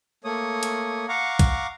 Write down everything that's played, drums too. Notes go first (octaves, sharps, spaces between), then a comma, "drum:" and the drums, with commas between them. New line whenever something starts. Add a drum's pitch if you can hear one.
A3 A#3 C#5 D#6
drum: hi-hat
F5 F#5 A#5 C#6 D6
drum: kick, hi-hat